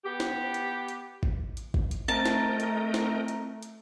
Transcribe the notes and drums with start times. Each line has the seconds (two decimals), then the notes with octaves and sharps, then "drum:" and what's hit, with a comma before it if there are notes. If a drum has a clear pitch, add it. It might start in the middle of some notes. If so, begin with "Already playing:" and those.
0.05 B3 G4
0.20 drum: snare
0.54 drum: hi-hat
0.88 drum: hi-hat
1.23 drum: kick G#1
1.57 drum: hi-hat
1.74 drum: kick G#1
1.91 drum: hi-hat
2.08 A3 C4 A#4 D#5 G5 A5 A#5
2.26 drum: snare
2.60 drum: hi-hat
2.94 drum: snare
3.28 drum: hi-hat
3.63 drum: hi-hat